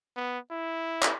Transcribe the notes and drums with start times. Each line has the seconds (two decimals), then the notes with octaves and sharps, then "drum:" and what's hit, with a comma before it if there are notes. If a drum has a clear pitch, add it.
0.17 B3
0.51 E4
1.03 drum: clap